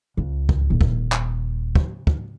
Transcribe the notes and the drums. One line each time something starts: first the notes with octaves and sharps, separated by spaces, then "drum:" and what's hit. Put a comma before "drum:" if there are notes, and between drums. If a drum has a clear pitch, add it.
C#2
drum: kick
D#1
drum: kick
drum: clap
drum: kick
drum: kick